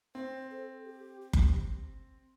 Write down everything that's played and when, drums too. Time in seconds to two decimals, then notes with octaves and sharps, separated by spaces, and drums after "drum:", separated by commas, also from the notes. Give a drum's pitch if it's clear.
0.15 C4 C5
0.51 A4
0.85 G4
1.21 G4
1.33 drum: kick F#1